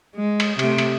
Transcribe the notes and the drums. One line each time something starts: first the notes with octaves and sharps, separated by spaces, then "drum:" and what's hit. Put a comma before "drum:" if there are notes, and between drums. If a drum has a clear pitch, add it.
G#3
drum: cymbal
C3 A3, drum: cymbal
drum: cymbal